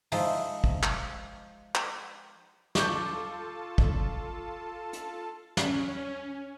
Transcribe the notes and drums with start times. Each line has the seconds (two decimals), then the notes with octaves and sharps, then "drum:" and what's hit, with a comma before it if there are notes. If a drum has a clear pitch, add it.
0.12 F3 G#3 D#4 E4, drum: open hi-hat
0.64 drum: kick
0.83 drum: clap
1.75 drum: clap
2.75 F4 A4 A5 C#6 D6 G6, drum: snare
3.78 drum: kick
4.93 drum: hi-hat
5.57 C#4, drum: snare